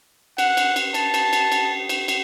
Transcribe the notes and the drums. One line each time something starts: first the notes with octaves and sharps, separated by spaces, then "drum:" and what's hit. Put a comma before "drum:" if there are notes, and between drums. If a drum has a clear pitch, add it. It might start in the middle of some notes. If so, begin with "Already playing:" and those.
F#5, drum: cymbal
drum: cymbal
drum: cymbal
A5, drum: cymbal
drum: cymbal
drum: cymbal
drum: cymbal
drum: cymbal
drum: cymbal